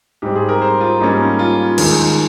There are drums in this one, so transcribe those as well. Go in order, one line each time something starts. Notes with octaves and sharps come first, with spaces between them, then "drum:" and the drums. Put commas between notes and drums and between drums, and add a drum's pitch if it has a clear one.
G#2 G3 C4 G4
G#4
A#4
C5
F4
G#2 G3 A#3 C#4
F4
D#2 D#3 G#3, drum: cymbal